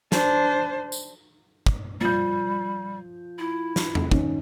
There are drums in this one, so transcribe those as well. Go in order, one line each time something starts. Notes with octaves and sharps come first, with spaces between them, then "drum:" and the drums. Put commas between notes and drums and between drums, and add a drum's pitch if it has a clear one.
D4 C5, drum: snare
drum: tambourine
drum: kick
F3 G3 G6
E4
drum: snare
drum: tom E2
D#3 C#4, drum: kick